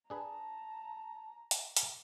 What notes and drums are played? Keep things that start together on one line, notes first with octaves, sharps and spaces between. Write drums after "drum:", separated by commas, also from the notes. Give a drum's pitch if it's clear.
D4 G#4 B4 A5 A#5
drum: hi-hat
drum: hi-hat